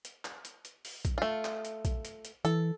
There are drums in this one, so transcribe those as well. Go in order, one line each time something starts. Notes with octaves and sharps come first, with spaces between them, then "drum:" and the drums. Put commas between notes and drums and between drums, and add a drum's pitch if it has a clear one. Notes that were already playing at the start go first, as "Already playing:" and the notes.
drum: hi-hat
drum: clap
drum: hi-hat
drum: hi-hat
drum: open hi-hat
drum: kick, hi-hat
A3 F4
drum: clap
drum: hi-hat
drum: kick, hi-hat
drum: hi-hat
drum: hi-hat
E3 A4, drum: hi-hat